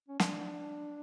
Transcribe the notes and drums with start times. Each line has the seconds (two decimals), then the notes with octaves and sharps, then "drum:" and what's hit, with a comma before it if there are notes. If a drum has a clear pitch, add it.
0.08 C#4
0.20 D4, drum: snare